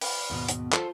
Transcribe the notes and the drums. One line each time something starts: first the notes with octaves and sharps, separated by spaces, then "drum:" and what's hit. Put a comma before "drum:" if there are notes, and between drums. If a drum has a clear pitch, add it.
B4 F5, drum: open hi-hat
D#2 G#2 B2
drum: hi-hat
F4 A4 C5, drum: clap